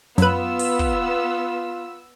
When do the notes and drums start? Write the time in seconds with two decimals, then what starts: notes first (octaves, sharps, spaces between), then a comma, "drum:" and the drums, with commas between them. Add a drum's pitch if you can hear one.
0.18 F#2 B3 F4 B4 E6, drum: snare
0.59 drum: open hi-hat
0.79 drum: kick